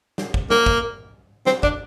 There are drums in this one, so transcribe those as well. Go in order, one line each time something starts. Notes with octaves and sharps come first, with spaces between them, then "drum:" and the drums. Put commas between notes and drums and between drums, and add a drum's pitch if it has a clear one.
drum: snare
drum: kick
A#3, drum: snare
drum: kick
C4, drum: snare
D4, drum: kick